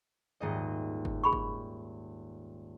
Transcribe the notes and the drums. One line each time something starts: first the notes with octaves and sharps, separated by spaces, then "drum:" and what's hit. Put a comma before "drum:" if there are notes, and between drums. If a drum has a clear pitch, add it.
D#1 G#2 D#5
drum: kick F#1
G#4 B5 C#6
drum: kick F#1